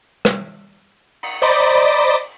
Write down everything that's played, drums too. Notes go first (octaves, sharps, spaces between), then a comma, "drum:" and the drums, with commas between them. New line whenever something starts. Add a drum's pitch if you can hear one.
drum: rim click
drum: cymbal
C5 D5 D#5 A#5 B5 D6, drum: open hi-hat